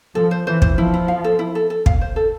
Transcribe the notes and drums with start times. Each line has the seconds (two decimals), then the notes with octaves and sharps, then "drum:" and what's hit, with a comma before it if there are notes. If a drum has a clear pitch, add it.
0.15 F3 A4
0.31 C5
0.47 E3 C5
0.62 C5, drum: kick
0.77 F3 E4
0.94 E4
1.08 F5
1.24 A4
1.39 E4
1.55 A4
1.70 A4
1.86 F5, drum: kick
2.01 C5
2.16 A4